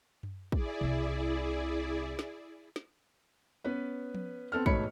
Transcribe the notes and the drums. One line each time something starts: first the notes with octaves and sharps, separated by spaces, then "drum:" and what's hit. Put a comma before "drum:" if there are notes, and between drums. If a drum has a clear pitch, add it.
drum: tom F#2
E4 G#4 D5, drum: kick
C2 C3, drum: tom B2
drum: snare
drum: snare
B3 C#4 B4
drum: tom F3
B3 C4 A4 F6
E1 G#2 A3 C#5 B5 C#7, drum: kick